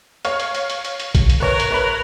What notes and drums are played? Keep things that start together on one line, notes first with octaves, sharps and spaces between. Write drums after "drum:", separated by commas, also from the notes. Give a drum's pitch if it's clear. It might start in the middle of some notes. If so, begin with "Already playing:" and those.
C#5 F5, drum: hi-hat
drum: hi-hat
drum: hi-hat
drum: hi-hat
drum: hi-hat
drum: hi-hat
drum: kick A1, hi-hat
drum: hi-hat
A#4 B4 C#5
drum: hi-hat
B4 C#5 B5